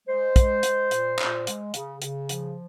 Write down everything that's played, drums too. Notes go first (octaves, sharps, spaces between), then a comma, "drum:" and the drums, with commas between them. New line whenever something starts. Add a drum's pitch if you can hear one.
G#3 C5
G#3, drum: kick, hi-hat
G#3, drum: hi-hat
A#2, drum: hi-hat
A#2, drum: clap
G#3, drum: hi-hat
C#3, drum: hi-hat
C#3, drum: hi-hat
F3, drum: hi-hat